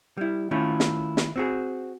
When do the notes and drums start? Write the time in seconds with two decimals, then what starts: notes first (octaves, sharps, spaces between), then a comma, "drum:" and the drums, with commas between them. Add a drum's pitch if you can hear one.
0.17 G3 E4
0.51 D#3 A3 C#4 E4 F4
0.80 drum: snare
1.17 drum: snare
1.36 C4 F#4 G#4